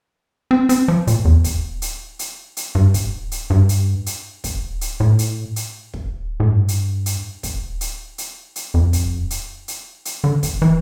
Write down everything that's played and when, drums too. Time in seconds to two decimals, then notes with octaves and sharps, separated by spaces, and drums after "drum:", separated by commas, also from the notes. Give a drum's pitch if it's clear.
0.51 C4
0.69 C4, drum: hi-hat
0.88 F3
1.07 A#2, drum: hi-hat
1.25 E2
1.44 drum: kick, hi-hat
1.82 drum: hi-hat
2.19 drum: hi-hat
2.57 drum: hi-hat
2.75 G2
2.94 drum: kick, hi-hat
3.32 drum: hi-hat
3.50 G2
3.69 drum: hi-hat
4.06 drum: hi-hat
4.44 drum: kick, hi-hat
4.81 drum: hi-hat
5.00 A2
5.19 drum: hi-hat
5.56 drum: hi-hat
5.94 drum: kick
6.40 A2
6.50 G2
6.68 drum: hi-hat
7.06 drum: hi-hat
7.43 drum: kick, hi-hat
7.81 drum: hi-hat
8.18 drum: hi-hat
8.56 drum: hi-hat
8.74 F2
8.93 drum: kick, hi-hat
9.30 drum: hi-hat
9.68 drum: hi-hat
10.05 drum: hi-hat
10.24 D3
10.43 drum: kick, hi-hat
10.62 E3